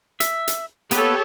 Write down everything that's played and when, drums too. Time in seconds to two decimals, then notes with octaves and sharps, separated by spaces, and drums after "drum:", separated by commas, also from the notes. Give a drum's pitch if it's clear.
0.20 E5, drum: hi-hat
0.48 drum: hi-hat
0.91 A#3 B3 G4 A4 B4 C#5, drum: hi-hat